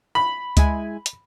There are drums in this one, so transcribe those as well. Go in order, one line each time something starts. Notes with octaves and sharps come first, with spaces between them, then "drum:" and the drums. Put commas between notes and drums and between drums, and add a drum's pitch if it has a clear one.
B5
G#3 E4 G#5, drum: kick C#2, hi-hat
drum: hi-hat